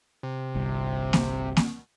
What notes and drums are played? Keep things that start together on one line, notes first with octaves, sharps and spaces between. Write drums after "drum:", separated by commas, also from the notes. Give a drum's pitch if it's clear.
C3
G1 C2
drum: snare A#3
drum: snare A#3